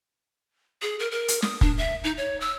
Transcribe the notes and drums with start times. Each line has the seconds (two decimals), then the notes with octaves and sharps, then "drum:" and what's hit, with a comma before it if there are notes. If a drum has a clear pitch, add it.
0.82 G#4
0.99 A#4
1.11 A#4
1.28 drum: hi-hat
1.42 D#6, drum: snare
1.61 D4, drum: kick
1.78 E5
2.04 D#4
2.17 C#5
2.40 E6